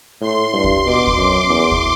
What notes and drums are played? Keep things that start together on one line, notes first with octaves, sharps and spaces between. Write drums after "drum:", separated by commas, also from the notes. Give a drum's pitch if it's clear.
A2 C6
G2 C6
drum: kick D#2
B2 D6
drum: kick D#2
F#2 C6
E2
drum: kick D#2